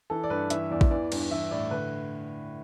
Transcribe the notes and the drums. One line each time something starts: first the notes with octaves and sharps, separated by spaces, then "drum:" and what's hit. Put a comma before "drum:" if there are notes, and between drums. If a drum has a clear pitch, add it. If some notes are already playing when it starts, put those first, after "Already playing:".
E3 A4
D5
G2 B4
E3 E5, drum: hi-hat
E2 D5
drum: kick A1
E3 D5
G2, drum: cymbal
E3 E5
A2 D5
D3 B4